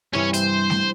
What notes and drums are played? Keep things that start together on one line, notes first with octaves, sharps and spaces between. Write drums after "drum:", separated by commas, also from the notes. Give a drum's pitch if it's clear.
G2 C3 E3 C#4 C#5
C5, drum: hi-hat
drum: snare A3